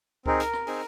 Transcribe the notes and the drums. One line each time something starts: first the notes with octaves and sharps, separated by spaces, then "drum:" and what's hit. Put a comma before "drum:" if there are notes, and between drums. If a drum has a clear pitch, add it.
C4 D#4 G#4 A#4, drum: kick C#2
drum: hi-hat
drum: rim click
C4 D#4 G#4, drum: open hi-hat